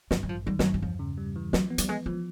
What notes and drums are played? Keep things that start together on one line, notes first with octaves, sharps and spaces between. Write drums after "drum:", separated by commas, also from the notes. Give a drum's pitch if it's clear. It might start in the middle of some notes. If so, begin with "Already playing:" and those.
G2 F3, drum: snare
F#3
A1 F3
D#3 G3
G3, drum: snare
G2 F#3
F#3
E2 F3
C#3
G3
E3
F3 F#3, drum: snare
B3
G3, drum: hi-hat
G#3 B3
F3 G#3